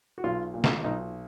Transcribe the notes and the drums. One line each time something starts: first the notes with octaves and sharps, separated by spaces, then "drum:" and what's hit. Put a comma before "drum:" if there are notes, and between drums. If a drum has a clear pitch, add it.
F#4
B1 F4
A#2
drum: snare
B1 D#4